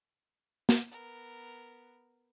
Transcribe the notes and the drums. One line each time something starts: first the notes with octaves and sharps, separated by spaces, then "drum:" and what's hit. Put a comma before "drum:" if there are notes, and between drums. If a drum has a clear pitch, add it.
drum: snare A#3
B3 A#4